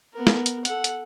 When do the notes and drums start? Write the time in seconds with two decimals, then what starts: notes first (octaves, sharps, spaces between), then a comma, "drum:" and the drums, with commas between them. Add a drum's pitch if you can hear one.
0.14 B3 A#4
0.27 drum: snare
0.46 drum: hi-hat
0.65 A4 F#5, drum: hi-hat
0.84 drum: hi-hat